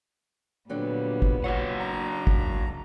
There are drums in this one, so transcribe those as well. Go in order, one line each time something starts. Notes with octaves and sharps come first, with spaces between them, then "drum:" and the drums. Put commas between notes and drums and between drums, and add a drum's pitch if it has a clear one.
A#2 D3 F#3 G3 B3 C4
drum: kick
C#3 F#3 F#4 C#5 F#5
D4 A#5
drum: kick